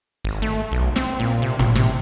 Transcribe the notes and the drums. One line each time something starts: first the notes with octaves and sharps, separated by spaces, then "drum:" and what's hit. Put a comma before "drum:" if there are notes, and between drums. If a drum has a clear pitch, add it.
G#1
A3
B1
C4, drum: snare
A#2
C3
G#1, drum: tom
C3, drum: snare